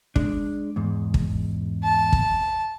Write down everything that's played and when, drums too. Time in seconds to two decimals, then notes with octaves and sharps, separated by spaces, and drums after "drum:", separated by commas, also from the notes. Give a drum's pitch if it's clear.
0.16 G#3 D4, drum: kick
0.76 E2 G#2
1.14 drum: kick
1.84 A5
2.13 drum: kick